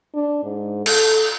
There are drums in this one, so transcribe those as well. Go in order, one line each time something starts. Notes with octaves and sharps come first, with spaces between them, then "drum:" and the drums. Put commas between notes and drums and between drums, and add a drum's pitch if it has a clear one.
D4
G#2
A4, drum: cymbal